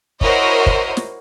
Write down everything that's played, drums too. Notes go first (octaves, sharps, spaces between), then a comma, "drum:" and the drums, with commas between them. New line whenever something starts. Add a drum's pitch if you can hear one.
E4 F#4 A#4 C5 C#5 D#5, drum: kick
drum: kick
drum: snare